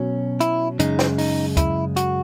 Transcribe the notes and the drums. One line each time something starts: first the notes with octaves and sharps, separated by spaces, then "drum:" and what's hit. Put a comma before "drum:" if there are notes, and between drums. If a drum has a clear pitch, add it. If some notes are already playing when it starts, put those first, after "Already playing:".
Already playing: B2 F#3 C#4
E4, drum: hi-hat
F#2 C#3 G#3 D#4, drum: hi-hat
drum: snare
D#4, drum: open hi-hat
E4, drum: kick, hi-hat
F#4, drum: hi-hat